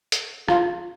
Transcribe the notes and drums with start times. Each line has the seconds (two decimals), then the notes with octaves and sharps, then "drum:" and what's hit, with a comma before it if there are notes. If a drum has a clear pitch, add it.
0.12 drum: hi-hat
0.48 F4, drum: rim click